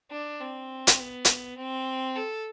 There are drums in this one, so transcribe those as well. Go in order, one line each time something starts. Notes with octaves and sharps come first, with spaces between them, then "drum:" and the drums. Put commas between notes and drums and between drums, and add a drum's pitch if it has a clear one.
D4
C4
drum: hi-hat
B3
drum: hi-hat
C4
A4